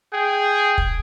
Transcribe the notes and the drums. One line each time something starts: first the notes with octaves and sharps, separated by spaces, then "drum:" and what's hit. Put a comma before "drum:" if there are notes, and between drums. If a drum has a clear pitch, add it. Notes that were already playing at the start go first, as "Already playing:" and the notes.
G#4 G5
drum: kick